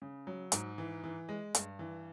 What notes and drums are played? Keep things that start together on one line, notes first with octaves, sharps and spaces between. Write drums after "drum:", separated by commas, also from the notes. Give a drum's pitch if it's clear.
C#3
F#3
G#2, drum: hi-hat
E3
E3
G#3
G2, drum: hi-hat
E3